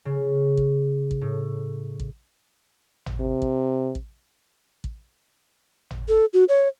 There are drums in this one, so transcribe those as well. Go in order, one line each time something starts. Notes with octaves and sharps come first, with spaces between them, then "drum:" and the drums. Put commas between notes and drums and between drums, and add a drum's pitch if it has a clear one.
C#3
drum: kick
drum: kick
A2
drum: kick
drum: tom G#1
C3
drum: kick
drum: kick
drum: kick
drum: tom G#1
A4
F#4
C#5